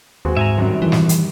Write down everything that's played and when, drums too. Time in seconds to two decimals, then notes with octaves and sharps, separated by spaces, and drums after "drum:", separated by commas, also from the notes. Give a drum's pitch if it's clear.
0.25 D#2 G#3 C4 F#4
0.37 G#2 E5 G#5 A#5
0.58 F#2 C3 D#3 F#3 G3
0.82 E3
0.92 drum: snare
1.09 drum: hi-hat